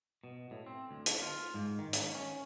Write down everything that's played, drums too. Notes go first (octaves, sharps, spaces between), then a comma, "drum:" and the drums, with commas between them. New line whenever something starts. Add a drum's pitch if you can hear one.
B2
A2
C4
D2
drum: hi-hat
F4
G#2
D#3
drum: hi-hat
C#4